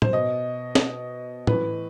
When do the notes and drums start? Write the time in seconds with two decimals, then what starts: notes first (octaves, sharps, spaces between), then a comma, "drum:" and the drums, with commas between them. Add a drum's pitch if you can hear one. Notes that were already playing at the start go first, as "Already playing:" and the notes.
0.02 C5, drum: tom
0.13 B2 D#5
0.75 drum: snare
1.47 A2 E3 B4, drum: tom